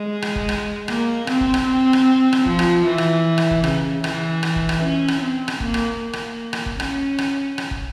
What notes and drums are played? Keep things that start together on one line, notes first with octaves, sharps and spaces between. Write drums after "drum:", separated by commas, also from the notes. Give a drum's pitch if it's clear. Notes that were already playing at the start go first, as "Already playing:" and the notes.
Already playing: G#3
drum: rim click
drum: kick
drum: rim click
A#3, drum: rim click
C4, drum: rim click
drum: kick
drum: rim click
C4
drum: rim click
drum: rim click
F3, drum: kick
drum: rim click
E3
drum: rim click
drum: rim click
drum: kick
C#3, drum: rim click
E3, drum: rim click
drum: rim click
drum: kick
drum: rim click
C#4
drum: rim click
C4
drum: rim click
A#3, drum: kick
drum: rim click
A#3
drum: rim click
drum: rim click
drum: kick
C#4, drum: rim click
drum: rim click
drum: rim click
drum: kick